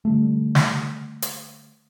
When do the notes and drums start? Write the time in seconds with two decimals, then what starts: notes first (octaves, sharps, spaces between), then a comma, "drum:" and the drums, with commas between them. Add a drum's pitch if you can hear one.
0.05 D3 G3 A3
0.55 drum: snare
1.22 drum: hi-hat